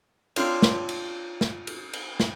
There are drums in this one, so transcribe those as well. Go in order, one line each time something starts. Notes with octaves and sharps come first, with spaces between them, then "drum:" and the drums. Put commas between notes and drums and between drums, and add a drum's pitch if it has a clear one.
C4 D4 F4 C#5, drum: cymbal
drum: snare
drum: cymbal
drum: snare
drum: cymbal
drum: cymbal
drum: snare